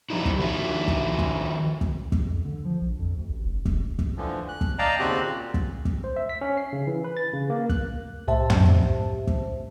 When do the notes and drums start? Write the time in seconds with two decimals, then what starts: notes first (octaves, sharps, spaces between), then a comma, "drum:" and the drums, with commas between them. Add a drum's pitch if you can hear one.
0.10 F3 G3 D#4 E4
0.26 drum: kick
0.39 D#3 F3 E4 F#4
0.88 drum: kick
1.19 drum: kick
1.81 drum: kick
2.12 drum: kick
2.28 F2
2.45 D3
2.65 F3
2.81 A#1
2.99 F2
3.17 D2
3.29 A1
3.45 F1
3.66 F1, drum: kick
3.99 drum: kick
4.17 D3 E3 F3
4.49 F#6
4.61 drum: kick
4.79 D5 D#5 F5 G5 A5 A#5
4.99 D#2 C#3 C4 F#4 G4 F#6
5.23 A#2
5.54 drum: kick
5.85 drum: kick
6.04 C5
6.16 E5
6.29 B6
6.41 C#4
6.57 C7
6.73 C#3
6.87 E3
7.04 B4
7.17 A6
7.33 C#3
7.50 A#3
7.70 F#6, drum: kick
8.28 C2 A2 G4 C5 E5 A5
8.50 drum: tom
8.65 drum: kick
9.27 drum: kick